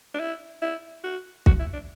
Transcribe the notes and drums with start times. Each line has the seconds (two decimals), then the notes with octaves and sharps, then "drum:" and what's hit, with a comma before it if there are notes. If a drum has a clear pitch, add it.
0.15 D4
0.20 E4
0.62 E4
1.04 F#4
1.46 F#4, drum: kick
1.60 E4
1.74 D4